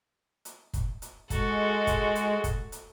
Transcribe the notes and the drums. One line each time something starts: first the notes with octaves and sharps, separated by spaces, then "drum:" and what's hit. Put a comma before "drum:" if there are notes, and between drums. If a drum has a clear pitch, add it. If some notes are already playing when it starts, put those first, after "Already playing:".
drum: hi-hat
drum: kick, hi-hat
drum: hi-hat
G#3 F#4 A4, drum: kick, hi-hat
drum: kick, hi-hat
drum: hi-hat
drum: kick, hi-hat
drum: hi-hat